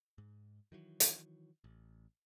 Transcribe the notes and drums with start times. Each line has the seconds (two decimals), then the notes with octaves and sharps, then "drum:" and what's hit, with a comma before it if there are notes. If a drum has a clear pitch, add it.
0.18 G#2
0.72 D#3 E3 F#3
1.00 drum: hi-hat
1.64 A1